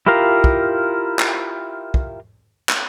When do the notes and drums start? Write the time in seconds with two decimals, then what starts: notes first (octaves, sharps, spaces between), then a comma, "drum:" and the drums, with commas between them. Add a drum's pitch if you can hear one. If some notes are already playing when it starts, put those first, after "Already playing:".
0.06 E4 F4 G4 A#4 F5
0.44 drum: kick
1.19 drum: clap
1.94 drum: kick
2.69 drum: clap